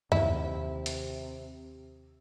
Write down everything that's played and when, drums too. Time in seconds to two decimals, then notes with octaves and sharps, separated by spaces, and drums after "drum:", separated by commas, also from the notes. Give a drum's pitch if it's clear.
0.12 D#2 C3 E4, drum: tom F#2
0.86 drum: hi-hat